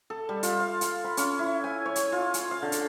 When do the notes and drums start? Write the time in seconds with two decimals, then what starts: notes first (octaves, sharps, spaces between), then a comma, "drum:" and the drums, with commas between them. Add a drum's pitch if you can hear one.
0.10 A4
0.29 G3
0.43 F4, drum: hi-hat
0.60 F5
0.81 drum: hi-hat
1.04 B5
1.17 C#4, drum: hi-hat
1.39 E4
1.64 G#5
1.86 C#5
1.96 drum: hi-hat
2.12 F4
2.34 drum: hi-hat
2.51 F5
2.62 D3
2.72 drum: hi-hat